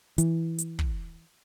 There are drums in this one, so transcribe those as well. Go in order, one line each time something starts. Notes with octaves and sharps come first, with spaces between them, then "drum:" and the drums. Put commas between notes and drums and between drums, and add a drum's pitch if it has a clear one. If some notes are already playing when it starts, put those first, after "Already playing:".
E3, drum: hi-hat
drum: hi-hat
drum: kick